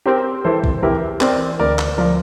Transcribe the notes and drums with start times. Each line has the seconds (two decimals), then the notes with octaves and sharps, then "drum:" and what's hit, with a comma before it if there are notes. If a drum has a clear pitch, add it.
0.06 C4 G4 A#4
0.44 E3 A4 C5
0.64 drum: kick A#1
0.82 E3 G4 A#4
1.21 C4 A#4 D5, drum: clap
1.59 D2 A#4 D5
1.79 drum: clap
1.98 F3 A#4 D5